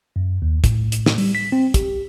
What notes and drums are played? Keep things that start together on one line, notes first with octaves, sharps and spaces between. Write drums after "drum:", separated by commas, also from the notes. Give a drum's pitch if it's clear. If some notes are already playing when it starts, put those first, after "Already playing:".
F#2
D#2
A2, drum: kick, hi-hat
drum: hi-hat
drum: snare
G3, drum: open hi-hat
B6
C4
G4, drum: kick, hi-hat